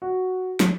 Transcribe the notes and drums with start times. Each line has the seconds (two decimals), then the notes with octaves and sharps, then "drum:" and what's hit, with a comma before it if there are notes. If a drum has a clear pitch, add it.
0.02 F#4
0.60 drum: snare